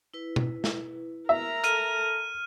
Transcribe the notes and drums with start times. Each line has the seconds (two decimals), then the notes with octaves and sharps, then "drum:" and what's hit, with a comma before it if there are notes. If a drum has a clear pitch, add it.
0.14 E4 B4
0.36 drum: tom B2
0.64 drum: snare
1.29 A#4 E5 A#5
1.64 A4 A5 F6 D#7, drum: hi-hat